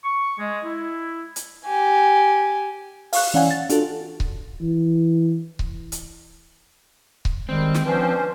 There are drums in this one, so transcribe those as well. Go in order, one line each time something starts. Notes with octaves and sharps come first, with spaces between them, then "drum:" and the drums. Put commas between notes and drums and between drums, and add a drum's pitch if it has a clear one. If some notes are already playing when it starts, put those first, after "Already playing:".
C#6
G#3
E4
drum: hi-hat
G4 G#5
F5 C#6 F#6, drum: open hi-hat
E3 C#4 D5 F5 F#5 G#5
A6
D4 F4 F#4 A4, drum: hi-hat
drum: kick C#1
E3
drum: kick C#1
drum: hi-hat
drum: kick C#1
D#3 G3 G#3 C4
drum: snare
F3 C#4 D4 B4 C5